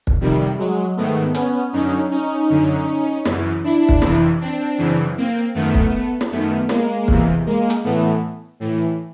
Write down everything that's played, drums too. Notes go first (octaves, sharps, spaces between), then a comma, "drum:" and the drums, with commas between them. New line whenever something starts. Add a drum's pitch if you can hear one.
drum: kick
F2 C3 D#3 G3
F#3 G#3
G#2 D#3 A3 B3
B3 C#4, drum: hi-hat
F#2 D3 C#4 D#4
C#4 D#4
F#2 D3
F#2 C#3 E3, drum: snare
D4 E4
drum: kick
F2 C3 E3, drum: snare
C4 D4
F#2 C#3 E3
A#3 C4
F#2 D#3 A3 B3
drum: kick
drum: snare
F#2 D#3 A3 B3
G#3 A#3, drum: snare
E2 C3 E3, drum: kick
G#3 A#3
drum: hi-hat
A2 E3 A3 B3
A2 E3